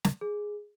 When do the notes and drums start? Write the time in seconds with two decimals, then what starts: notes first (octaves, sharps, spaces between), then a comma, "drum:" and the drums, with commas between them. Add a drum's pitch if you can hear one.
0.04 drum: snare
0.21 G#4